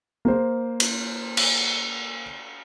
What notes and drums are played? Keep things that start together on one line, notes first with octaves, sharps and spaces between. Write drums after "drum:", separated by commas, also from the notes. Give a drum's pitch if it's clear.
A#3 C5
drum: cymbal
drum: cymbal